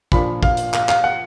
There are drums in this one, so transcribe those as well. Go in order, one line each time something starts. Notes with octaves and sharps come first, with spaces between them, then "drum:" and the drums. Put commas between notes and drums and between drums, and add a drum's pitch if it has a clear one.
A#2 F3 A#3 D4 B5, drum: kick
F5, drum: kick
drum: hi-hat
F5, drum: clap
F5, drum: clap
F#5